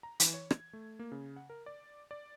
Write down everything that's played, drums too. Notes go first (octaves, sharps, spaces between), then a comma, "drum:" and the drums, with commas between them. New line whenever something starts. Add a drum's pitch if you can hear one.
A#5
E3, drum: hi-hat
C#5
G#6, drum: rim click
A3
A#3
C#3
F#5
A#4
D5
D5